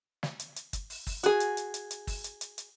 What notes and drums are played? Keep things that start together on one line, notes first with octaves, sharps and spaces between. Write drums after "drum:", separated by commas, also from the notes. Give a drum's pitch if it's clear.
drum: snare
drum: hi-hat
drum: hi-hat
drum: kick, hi-hat
drum: open hi-hat
drum: kick, open hi-hat
F#4 G#4, drum: hi-hat
drum: hi-hat
drum: hi-hat
drum: hi-hat
drum: hi-hat
drum: kick, open hi-hat
drum: hi-hat
drum: hi-hat
drum: hi-hat